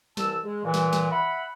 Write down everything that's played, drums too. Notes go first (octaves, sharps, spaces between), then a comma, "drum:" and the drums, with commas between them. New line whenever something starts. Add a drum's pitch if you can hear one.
C2 E3 A5 E6, drum: snare
G#3
A#2 E3
drum: snare
drum: snare
E5 F#5 B5